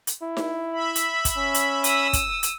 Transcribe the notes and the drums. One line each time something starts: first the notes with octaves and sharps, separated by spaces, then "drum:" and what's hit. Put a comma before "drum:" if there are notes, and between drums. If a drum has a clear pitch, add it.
drum: hi-hat
E4
drum: snare D#4
E5 B5
drum: hi-hat
drum: kick, hi-hat
C#4
drum: hi-hat
D#6 E6, drum: hi-hat
drum: kick, hi-hat
drum: hi-hat